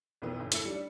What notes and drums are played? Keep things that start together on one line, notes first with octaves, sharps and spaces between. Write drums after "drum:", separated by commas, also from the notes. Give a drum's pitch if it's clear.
B1 F2 E3 B3
G1
A3 E4 E6 C#7, drum: hi-hat
G3 D4